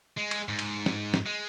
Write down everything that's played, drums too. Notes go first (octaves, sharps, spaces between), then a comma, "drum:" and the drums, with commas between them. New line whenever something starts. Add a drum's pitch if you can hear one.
G#3
drum: cymbal
G#2
drum: cymbal
drum: snare
drum: snare
G#3